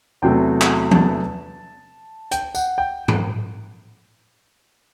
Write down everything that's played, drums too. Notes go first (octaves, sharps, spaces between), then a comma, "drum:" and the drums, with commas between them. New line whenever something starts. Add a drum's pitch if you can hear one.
E2 C3 F#3 A3 G5
drum: clap
A5, drum: tom E3
G5, drum: hi-hat
F#5, drum: tambourine
G5
drum: tom G#2